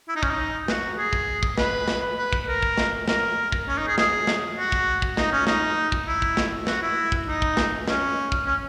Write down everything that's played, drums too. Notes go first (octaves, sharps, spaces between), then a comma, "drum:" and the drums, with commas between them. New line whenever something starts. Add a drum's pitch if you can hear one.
E4
D#4
C#4, drum: kick
D#4
F#4, drum: snare
G#4
drum: kick
drum: kick
B4, drum: snare
drum: snare
B4
drum: kick
A#4
drum: kick
drum: snare
A#4, drum: snare
drum: kick
C#4
D#4
G#4
G#4, drum: snare
drum: snare
F#4
drum: kick
drum: kick
D#4, drum: snare
C#4
D#4, drum: snare
drum: kick
E4
drum: kick
drum: snare
F#4, drum: snare
E4
drum: kick
D#4
drum: kick
drum: snare
C#4, drum: snare
drum: kick
C#4